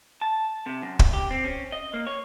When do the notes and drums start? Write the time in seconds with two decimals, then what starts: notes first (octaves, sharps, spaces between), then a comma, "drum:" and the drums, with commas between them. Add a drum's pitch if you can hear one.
0.21 A5
0.66 C3
0.82 F#2
0.99 drum: kick
1.13 G4
1.31 C4
1.44 C#4
1.72 D#5
1.94 A#3
2.07 C#5